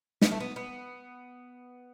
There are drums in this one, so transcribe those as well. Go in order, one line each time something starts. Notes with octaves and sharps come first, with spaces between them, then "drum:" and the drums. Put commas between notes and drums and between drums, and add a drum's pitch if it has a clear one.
B3, drum: snare
A3
B3
B3